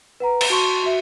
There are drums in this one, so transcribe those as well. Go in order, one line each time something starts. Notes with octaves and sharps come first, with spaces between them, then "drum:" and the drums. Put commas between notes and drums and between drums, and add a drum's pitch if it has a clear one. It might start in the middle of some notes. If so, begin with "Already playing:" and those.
B4 F#5 A#5
drum: cymbal
F#4 A5 C6 C#6
F#4 E5